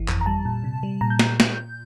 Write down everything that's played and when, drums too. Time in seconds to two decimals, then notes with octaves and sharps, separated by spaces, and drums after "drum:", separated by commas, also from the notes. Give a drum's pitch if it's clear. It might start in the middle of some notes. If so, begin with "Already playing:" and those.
Already playing: G1 E3
0.08 F2, drum: clap
0.21 A#5
0.26 G3 A5
0.45 A#2
0.64 C3
0.83 G3
1.01 A#2 A#5
1.10 G6
1.19 drum: snare
1.40 drum: snare